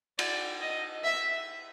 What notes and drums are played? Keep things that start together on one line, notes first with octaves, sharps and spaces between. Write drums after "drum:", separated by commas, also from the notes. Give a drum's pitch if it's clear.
D5, drum: cymbal
D#5
E5